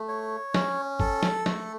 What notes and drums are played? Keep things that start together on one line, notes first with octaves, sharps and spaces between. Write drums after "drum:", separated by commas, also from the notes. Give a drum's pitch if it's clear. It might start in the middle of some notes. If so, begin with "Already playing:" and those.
Already playing: A3
C#5
C#4, drum: snare
A4, drum: kick G1
drum: snare
A3, drum: snare